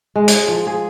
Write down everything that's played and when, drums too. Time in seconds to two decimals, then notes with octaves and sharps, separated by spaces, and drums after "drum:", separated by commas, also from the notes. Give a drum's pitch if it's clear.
0.16 G#3
0.28 D#5, drum: hi-hat
0.48 F3
0.67 G#4